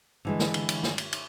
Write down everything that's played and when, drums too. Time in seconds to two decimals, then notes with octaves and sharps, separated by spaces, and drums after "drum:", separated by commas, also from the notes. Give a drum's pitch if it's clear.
0.25 D3 E3 G#3
0.39 drum: snare
0.54 drum: cymbal
0.69 drum: cymbal
0.83 drum: snare
0.98 drum: cymbal
1.13 drum: cymbal